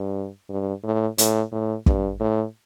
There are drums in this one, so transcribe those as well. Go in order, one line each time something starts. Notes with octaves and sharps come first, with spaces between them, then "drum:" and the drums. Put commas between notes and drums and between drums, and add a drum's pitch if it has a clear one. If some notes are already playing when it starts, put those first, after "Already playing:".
Already playing: G2
G2
A2
A2, drum: hi-hat
A2
G2, drum: kick
A2